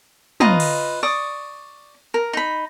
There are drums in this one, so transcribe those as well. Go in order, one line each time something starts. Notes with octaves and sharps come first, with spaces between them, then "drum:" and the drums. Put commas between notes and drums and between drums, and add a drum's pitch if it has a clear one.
F4 B4 D#5 A#5, drum: tom
drum: cymbal
D5 C#6 D#6
A#4
D#4 B5